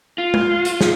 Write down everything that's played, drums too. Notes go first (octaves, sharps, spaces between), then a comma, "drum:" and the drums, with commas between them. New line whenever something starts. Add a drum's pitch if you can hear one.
F4
drum: tom
drum: hi-hat
drum: snare